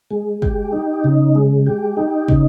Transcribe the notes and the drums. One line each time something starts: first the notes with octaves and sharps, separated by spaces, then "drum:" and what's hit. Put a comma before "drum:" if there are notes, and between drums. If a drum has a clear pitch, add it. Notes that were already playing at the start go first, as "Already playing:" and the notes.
G#3
G4, drum: kick
D#4
C#3
G#3
G4
D#4
C#3, drum: kick